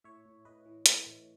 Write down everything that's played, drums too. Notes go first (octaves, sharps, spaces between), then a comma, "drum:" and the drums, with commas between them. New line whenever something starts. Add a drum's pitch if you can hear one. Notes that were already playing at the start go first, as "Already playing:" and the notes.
A2 C#5 E5
A2
A2 B4 D#5
E3
A2, drum: hi-hat
A2